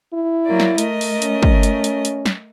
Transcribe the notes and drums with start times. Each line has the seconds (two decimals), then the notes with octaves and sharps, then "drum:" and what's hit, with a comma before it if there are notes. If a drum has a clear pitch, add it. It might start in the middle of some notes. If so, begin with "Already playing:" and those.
0.13 E4
0.46 F#3 A#3 D5
0.60 drum: snare
0.78 A3 A#4 D#5, drum: hi-hat
1.01 drum: open hi-hat
1.22 C#4, drum: hi-hat
1.43 drum: kick
1.63 drum: hi-hat
1.84 drum: hi-hat
2.05 drum: hi-hat
2.26 drum: snare